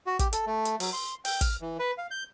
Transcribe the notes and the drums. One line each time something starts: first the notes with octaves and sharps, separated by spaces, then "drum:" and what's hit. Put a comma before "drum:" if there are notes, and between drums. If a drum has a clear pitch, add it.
F#4
G4, drum: kick, hi-hat
A4, drum: hi-hat
A3
drum: hi-hat
F#3, drum: open hi-hat
C6
G5, drum: open hi-hat
F6, drum: kick, hi-hat
E3
B4
F5
G6